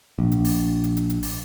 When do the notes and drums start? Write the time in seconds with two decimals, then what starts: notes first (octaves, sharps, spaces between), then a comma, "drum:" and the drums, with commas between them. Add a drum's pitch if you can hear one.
0.19 A#1
0.32 drum: hi-hat
0.45 drum: open hi-hat
0.84 drum: hi-hat
0.97 drum: hi-hat
1.10 drum: hi-hat
1.23 drum: open hi-hat